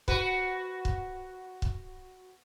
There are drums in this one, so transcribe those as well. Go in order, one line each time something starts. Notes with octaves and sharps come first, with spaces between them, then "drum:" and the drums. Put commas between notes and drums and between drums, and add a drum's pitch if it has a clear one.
F#4 B4, drum: kick C#1
drum: kick C#1
drum: kick C#1